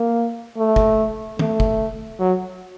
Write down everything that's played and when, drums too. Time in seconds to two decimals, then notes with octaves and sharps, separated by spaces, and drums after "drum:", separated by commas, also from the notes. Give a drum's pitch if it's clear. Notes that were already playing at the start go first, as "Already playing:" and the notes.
Already playing: A#3
0.58 A3
0.76 drum: kick
1.39 A3, drum: tom
1.60 drum: kick
2.20 F#3